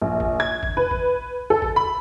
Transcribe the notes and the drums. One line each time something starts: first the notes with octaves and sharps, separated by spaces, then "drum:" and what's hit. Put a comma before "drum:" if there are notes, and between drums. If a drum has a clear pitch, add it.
A#1
drum: kick
G#6
drum: kick
B4
drum: kick
A4
drum: kick
B5